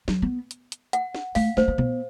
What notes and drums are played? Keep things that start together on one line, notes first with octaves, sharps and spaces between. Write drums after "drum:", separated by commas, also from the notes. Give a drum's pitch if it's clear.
F#3, drum: snare
B3
drum: hi-hat
drum: hi-hat
F#5, drum: hi-hat
drum: snare
A3 F5, drum: open hi-hat
A3 C5, drum: snare
B3
B3, drum: tom A#2